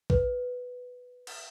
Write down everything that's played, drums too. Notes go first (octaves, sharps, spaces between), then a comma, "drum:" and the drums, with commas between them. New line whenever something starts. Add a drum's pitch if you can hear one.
B4, drum: kick A#1
drum: cymbal